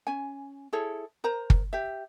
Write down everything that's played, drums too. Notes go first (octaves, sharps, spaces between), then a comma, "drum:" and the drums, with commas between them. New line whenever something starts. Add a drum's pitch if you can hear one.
C#4 G#5
E4 G#4 A4 C#5
A#4 C5 A#5
drum: kick
G4 E5